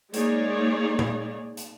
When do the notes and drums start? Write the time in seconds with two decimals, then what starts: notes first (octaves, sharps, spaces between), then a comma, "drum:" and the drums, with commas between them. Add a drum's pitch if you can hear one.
0.14 G#3 A#3 D#4 G#4 C#5 D5, drum: hi-hat
0.99 drum: tom A#2
1.57 drum: hi-hat